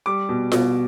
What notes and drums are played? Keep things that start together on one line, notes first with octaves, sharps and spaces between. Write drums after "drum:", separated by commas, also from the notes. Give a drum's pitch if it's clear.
G3 D6
B2
B2, drum: snare F4